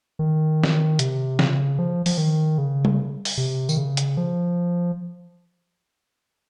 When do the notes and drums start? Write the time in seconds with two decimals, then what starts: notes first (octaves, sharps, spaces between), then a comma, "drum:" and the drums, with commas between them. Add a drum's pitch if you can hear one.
0.19 D#3
0.64 drum: snare
0.99 C3, drum: hi-hat
1.39 C#3, drum: snare
1.79 F3
2.06 F3, drum: open hi-hat
2.18 D#3
2.58 C#3
2.85 drum: tom G3
3.25 drum: open hi-hat
3.37 C3
3.69 D#3, drum: tambourine
3.77 C#3
3.97 drum: hi-hat
4.17 F3